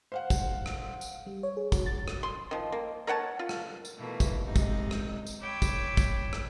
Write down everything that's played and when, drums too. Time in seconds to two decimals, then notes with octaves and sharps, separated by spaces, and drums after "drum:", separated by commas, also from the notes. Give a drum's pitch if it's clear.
0.12 C5 F5 F#5
0.30 drum: kick, tambourine
0.66 drum: rim click
1.01 drum: tambourine
1.27 G3
1.43 C#5
1.57 G#4
1.72 F#4, drum: kick, tambourine
1.86 A6
2.08 drum: rim click
2.23 C6
2.51 D#3 F3
2.72 A#3
3.07 A#4 C#5 F#5 A5
3.39 F4
3.49 drum: rim click
3.85 drum: tambourine
3.98 B2 E3 A3 A#3
4.20 drum: kick, tambourine
4.42 G#2 C3 D#4
4.56 drum: kick, tambourine
4.91 drum: rim click
5.26 drum: tambourine
5.40 C#5 G5 B5 D6 E6 G#6
5.62 drum: kick, tambourine
5.97 drum: kick, tambourine
6.33 drum: rim click